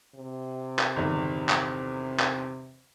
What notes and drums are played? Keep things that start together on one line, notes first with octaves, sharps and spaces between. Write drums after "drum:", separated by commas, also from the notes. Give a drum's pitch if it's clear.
C3
drum: clap
G1 E2 D#3
drum: clap
drum: clap